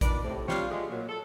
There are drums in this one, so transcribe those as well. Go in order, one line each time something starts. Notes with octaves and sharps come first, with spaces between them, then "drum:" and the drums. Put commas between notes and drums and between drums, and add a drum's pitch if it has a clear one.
A#2 D#3 D4 B4 D5, drum: kick A1, hi-hat
A2 C3
G3 C4 D4 F4 C#5 F5, drum: snare
F3 G#3 A3
A#2 F#3
A4